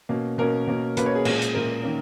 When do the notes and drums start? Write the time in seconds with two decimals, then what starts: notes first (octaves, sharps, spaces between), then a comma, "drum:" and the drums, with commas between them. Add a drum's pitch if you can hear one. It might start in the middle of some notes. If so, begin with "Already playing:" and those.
0.09 B2 A#3 C#4
0.38 B2 A#3 C#4 A#4
0.67 B2 A#3 C#4
0.97 B2 A#3 C#4 B4, drum: hi-hat
1.06 C#5
1.15 G#4
1.25 A#2 G#3 C#4, drum: cymbal
1.42 drum: hi-hat
1.54 A#2 G#3 C#4 A#4
1.84 D#3 A#3 C#4